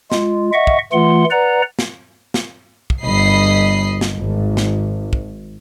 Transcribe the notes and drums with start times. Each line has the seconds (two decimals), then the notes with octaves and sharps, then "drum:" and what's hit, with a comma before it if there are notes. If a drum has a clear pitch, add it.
0.12 G#3 F4, drum: snare
0.53 D#5 E5 F#5 C#6
0.67 drum: kick
0.92 E3 A3 F4 F#5 C6
1.31 B4 D5 F#5 A#5
1.79 drum: snare
2.34 drum: snare
2.90 drum: kick
3.04 G1 D#5 B5 C7
4.01 drum: snare
4.17 G#1
4.57 drum: snare
5.13 drum: kick